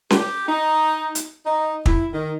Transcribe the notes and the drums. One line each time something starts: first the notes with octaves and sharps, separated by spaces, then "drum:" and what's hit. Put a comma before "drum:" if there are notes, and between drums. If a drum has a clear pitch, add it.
G4, drum: snare C#4
D#4
drum: hi-hat
D#4
E4, drum: kick
D#3